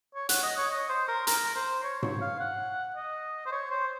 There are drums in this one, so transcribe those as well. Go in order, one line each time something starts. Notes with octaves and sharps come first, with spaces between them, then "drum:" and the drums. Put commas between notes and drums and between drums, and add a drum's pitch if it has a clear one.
C#5
F#5, drum: hi-hat
D#5
C#5
D#5
C5
A#4
A#4, drum: hi-hat
C5
C#5
C#5, drum: tom G#2
F5
F#5
D#5
C5
C#5
C5